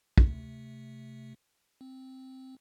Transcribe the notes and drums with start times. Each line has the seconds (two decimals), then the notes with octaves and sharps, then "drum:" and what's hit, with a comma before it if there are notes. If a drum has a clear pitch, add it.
0.18 C3 A3, drum: kick
1.81 C4